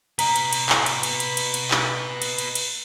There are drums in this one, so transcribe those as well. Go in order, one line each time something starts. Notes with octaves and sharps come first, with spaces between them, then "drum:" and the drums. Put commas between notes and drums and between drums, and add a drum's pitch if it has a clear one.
B4 D#5 A#5, drum: cymbal
drum: cymbal
drum: cymbal
drum: clap
drum: cymbal
drum: cymbal
drum: cymbal
drum: cymbal
drum: cymbal
drum: clap
drum: cymbal
drum: cymbal
drum: cymbal